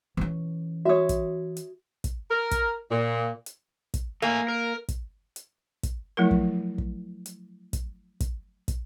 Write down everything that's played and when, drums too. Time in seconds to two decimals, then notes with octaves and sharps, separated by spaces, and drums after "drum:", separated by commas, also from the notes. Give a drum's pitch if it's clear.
0.17 E3 C#4
0.85 F#4 C#5 E5 D#6
1.09 drum: kick, hi-hat
1.57 drum: hi-hat
2.04 drum: kick, hi-hat
2.30 A#4
2.51 drum: kick, hi-hat
2.91 A#2
3.46 drum: hi-hat
3.94 drum: kick, hi-hat
4.22 A3 A#3 G#5
4.49 A#4
4.88 drum: kick, hi-hat
5.36 drum: hi-hat
5.83 drum: kick, hi-hat
6.17 F3 F#3 A3 E4 F4 A#4
6.31 drum: kick
6.78 drum: kick
7.26 drum: hi-hat
7.73 drum: kick, hi-hat
8.20 drum: kick, hi-hat
8.68 drum: kick, hi-hat